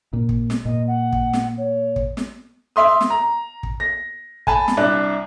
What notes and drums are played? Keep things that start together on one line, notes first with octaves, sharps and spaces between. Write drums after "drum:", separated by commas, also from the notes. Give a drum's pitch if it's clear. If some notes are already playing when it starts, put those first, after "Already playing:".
A#2
drum: kick
drum: snare
A#2 D#5
F#5
drum: kick
drum: snare
C#5
drum: kick
drum: snare
E5 C6 D#6
drum: snare
A#5
drum: kick
A#6
G#5 A5 B5, drum: kick
drum: snare
C2 D4 F#6